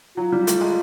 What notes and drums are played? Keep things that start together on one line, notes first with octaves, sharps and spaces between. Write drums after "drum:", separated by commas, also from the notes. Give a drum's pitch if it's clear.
F#3 F4
G3
A3, drum: hi-hat
G#3